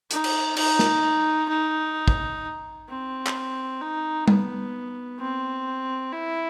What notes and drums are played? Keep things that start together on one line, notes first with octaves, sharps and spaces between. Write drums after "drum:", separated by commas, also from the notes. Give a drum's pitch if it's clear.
D#4, drum: hi-hat
drum: cymbal
D#4, drum: cymbal
drum: snare
D#4
drum: kick
C4
drum: clap
D#4
B3, drum: tom G3
C4
E4